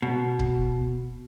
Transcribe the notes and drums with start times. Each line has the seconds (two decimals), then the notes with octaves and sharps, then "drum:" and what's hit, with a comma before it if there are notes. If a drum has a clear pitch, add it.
0.02 B2
0.39 drum: kick